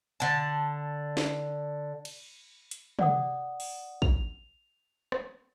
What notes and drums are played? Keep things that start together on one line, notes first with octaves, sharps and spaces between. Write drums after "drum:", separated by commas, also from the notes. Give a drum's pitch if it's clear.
D3 A5
drum: snare
drum: cymbal
drum: hi-hat
D5 F#5 D#6, drum: tom
drum: open hi-hat
F7, drum: kick
drum: rim click